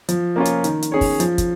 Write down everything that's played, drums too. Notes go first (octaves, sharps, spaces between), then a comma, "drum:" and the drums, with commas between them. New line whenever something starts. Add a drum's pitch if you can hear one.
F3, drum: hi-hat
A#3 C#4 F4
drum: hi-hat
D#3, drum: hi-hat
drum: hi-hat
C#4 G#4 C#5
drum: kick, open hi-hat
F3, drum: hi-hat
drum: kick, hi-hat